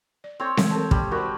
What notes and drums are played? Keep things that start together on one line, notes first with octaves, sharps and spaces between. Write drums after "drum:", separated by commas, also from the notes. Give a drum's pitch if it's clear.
D5
C4 C#5 C6
E3 G#3, drum: snare C4
C4 A4 A#4 A5
G3, drum: kick
G3 F#4 A#4 C5